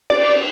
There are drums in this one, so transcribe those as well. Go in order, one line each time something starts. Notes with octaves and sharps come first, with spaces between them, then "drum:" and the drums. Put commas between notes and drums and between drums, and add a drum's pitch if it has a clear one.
D5, drum: cymbal